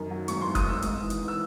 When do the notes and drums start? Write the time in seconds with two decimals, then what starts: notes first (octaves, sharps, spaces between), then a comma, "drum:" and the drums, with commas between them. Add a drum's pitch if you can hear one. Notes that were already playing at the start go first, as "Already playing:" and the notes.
Already playing: F#2 D#3
0.10 F#3
0.28 G#1 C#6, drum: hi-hat
0.41 C6
0.47 G#1
0.55 D#6, drum: kick, hi-hat
0.64 G#1 E6
0.82 G#2, drum: hi-hat
1.00 E3
1.10 drum: hi-hat
1.19 E3
1.28 E6